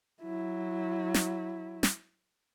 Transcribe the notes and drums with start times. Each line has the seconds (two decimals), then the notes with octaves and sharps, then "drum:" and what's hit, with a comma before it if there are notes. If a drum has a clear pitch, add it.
0.23 F#3 E4
1.14 drum: snare
1.83 drum: snare